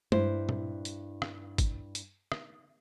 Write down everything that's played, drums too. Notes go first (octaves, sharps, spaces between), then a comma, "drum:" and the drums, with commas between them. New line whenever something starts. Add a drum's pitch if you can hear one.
G2 E4 C5, drum: tom
drum: tom A#2
drum: hi-hat
drum: rim click
drum: kick, hi-hat
drum: hi-hat
drum: rim click